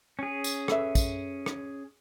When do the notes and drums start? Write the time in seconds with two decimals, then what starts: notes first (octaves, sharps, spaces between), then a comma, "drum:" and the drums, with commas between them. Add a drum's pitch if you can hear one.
0.19 C#4 G#4
0.44 drum: tambourine
0.68 A4 B4 E5, drum: rim click
0.95 drum: kick, tambourine
1.46 drum: rim click